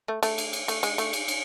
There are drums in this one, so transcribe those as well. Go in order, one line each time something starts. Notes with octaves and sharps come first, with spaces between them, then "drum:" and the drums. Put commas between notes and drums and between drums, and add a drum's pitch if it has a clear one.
A3
A3, drum: cymbal
drum: cymbal
drum: cymbal
A3, drum: cymbal
G#3, drum: cymbal
A3, drum: cymbal
drum: cymbal
drum: cymbal